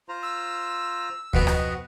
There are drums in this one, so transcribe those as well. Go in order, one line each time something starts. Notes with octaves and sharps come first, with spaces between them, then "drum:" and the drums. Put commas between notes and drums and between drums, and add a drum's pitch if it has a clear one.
F4 C5 A#5
E6
F2 B2 B3 F#4 D#5 F#5, drum: kick D2
drum: rim click